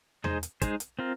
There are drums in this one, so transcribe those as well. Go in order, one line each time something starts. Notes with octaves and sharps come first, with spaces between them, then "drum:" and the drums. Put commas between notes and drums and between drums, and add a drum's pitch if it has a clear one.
G#3 D#4 G#4 C5, drum: tom E2
drum: hi-hat
G#3 D#4 G#4 C5, drum: kick, hi-hat
drum: hi-hat
C4 F4 A#4